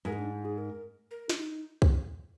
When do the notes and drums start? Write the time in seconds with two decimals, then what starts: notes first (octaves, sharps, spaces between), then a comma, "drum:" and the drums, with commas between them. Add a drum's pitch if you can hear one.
0.05 G#2 A#4
0.13 D#4
0.19 D4
0.32 D#4
0.45 G#4
0.58 A#4
1.11 A#4
1.29 D4, drum: snare
1.38 D#4
1.82 drum: kick